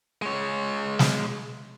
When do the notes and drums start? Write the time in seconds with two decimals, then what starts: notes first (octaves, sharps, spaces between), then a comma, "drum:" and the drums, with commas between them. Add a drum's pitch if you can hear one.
0.22 G#3 C#5
0.99 drum: snare